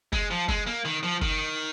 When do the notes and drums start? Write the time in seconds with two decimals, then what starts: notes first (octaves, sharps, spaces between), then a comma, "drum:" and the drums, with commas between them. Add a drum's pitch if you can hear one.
0.13 G#3, drum: kick F#1
0.31 F3
0.49 G#3, drum: kick F#1
0.67 A#3
0.85 D#3
1.03 F3
1.22 D#3, drum: kick F#1